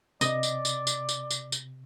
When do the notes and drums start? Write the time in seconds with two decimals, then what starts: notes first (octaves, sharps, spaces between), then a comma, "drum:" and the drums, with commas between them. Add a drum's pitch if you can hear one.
0.21 C3 D5 D#5, drum: tambourine
0.43 drum: tambourine
0.65 drum: tambourine
0.87 drum: tambourine
1.09 drum: tambourine
1.30 drum: tambourine
1.52 drum: tambourine